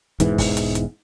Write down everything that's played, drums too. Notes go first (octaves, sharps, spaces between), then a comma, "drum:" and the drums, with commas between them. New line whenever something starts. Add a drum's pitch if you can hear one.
E1 G#2 E3, drum: hi-hat
drum: kick, open hi-hat
drum: hi-hat
drum: hi-hat